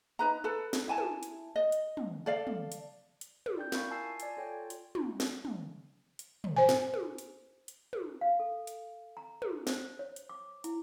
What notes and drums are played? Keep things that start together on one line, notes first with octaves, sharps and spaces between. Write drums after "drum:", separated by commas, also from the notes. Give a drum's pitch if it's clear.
D#4 B4 A#5
A4 B4 A5
drum: snare
E4 G#5 A5
drum: tom
drum: hi-hat
D#5
drum: hi-hat
drum: tom
A4 D5 F5
drum: tom
drum: hi-hat
drum: hi-hat
drum: tom
D5 G5 G6
E4 A#4 F5 B5 C#6, drum: snare
F4 G#5 A5 E6 C7
D5 G#5 A5, drum: hi-hat
F4 A4 C#5 G5
drum: hi-hat
drum: tom
drum: snare
drum: tom
drum: hi-hat
drum: tom
C5 G#5
drum: snare
drum: tom
drum: hi-hat
drum: hi-hat
drum: tom
F5
A4
drum: hi-hat
A#5
drum: tom
C5, drum: snare
C#5
drum: hi-hat
D6
E4, drum: hi-hat